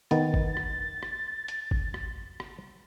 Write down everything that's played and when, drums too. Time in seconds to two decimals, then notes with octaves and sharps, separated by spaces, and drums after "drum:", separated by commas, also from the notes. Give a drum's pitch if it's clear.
0.11 D#3 B3 A6, drum: hi-hat
0.34 drum: kick G1
0.57 drum: rim click
1.03 drum: rim click
1.48 drum: hi-hat
1.71 drum: kick G1
1.94 drum: rim click
2.40 drum: rim click